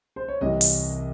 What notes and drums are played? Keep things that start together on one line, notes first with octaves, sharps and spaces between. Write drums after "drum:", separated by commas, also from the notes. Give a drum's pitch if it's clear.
C5
C#5
C2 C3 E3 D#5
drum: open hi-hat